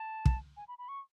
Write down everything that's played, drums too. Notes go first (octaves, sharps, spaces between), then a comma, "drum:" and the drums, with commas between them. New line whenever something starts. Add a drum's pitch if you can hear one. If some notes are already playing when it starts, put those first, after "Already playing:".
Already playing: A5
drum: kick
G#5
B5
B5
C#6